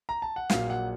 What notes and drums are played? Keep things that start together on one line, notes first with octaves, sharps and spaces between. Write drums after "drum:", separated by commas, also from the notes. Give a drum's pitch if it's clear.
A#5
A5
F#5
A#1 A#2 F#3 F5, drum: snare
F#5